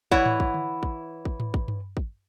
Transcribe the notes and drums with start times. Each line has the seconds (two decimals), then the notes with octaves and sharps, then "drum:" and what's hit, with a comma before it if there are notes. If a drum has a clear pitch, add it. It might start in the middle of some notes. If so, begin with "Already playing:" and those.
0.11 E3 E4 C#5 F#5, drum: kick
0.26 drum: tom G#2
0.40 drum: kick
0.54 drum: tom D3
0.83 drum: kick
1.25 drum: kick
1.40 drum: tom G#2
1.54 drum: kick
1.68 drum: tom G2
1.97 drum: kick